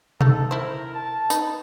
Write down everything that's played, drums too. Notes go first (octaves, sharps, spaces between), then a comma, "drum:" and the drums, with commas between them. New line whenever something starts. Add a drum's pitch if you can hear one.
A3 D#4 A4, drum: tom B2
E4 A#4 C5
A5
D#4 B4, drum: tambourine